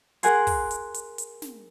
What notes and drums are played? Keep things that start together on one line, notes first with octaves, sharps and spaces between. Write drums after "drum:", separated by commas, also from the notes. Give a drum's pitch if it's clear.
G#4 A#4 F#5 G#5 C6, drum: hi-hat
drum: kick, open hi-hat
drum: hi-hat
drum: hi-hat
drum: hi-hat
drum: snare